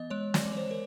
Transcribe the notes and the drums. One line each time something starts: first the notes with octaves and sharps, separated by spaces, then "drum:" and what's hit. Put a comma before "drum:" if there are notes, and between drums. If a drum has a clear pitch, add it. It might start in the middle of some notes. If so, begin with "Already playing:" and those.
Already playing: E3 B3 D#5
G#3 C#5
D5, drum: snare
E3
C#5
C5
A#4